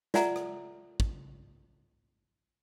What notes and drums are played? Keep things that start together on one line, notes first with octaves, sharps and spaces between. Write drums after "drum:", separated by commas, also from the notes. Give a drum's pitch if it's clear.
F4 D5 E5 F#5 G#5 A#5, drum: snare
drum: rim click
drum: kick